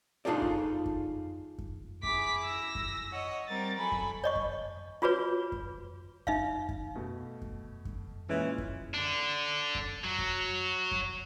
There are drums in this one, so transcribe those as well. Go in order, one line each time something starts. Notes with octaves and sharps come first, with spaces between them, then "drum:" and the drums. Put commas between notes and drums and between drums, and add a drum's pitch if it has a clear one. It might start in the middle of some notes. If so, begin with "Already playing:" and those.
D4 D#4 F4 G#4 A4 D5
drum: kick F#2
drum: kick F#2
drum: kick F#2
E4 G#4 D6 B6, drum: kick F#2
E6 A#6
drum: kick F#2
C#5 D#5 F#5
G3 C4 A#4 A6
F#3 A4 G#5 B5
drum: kick F#2
C#5 D#5 C#6
drum: kick F#2
F4 F#4 G#4 B4 C#5
drum: kick F#2
D#4 E5 F5, drum: kick F#2
drum: kick F#2
B2 A3
drum: kick F#2
drum: kick F#2
A#2 E3 G#3 C#4 D7
drum: kick F#2
D3 D4
drum: kick F#2
F#3
drum: kick F#2
drum: kick F#2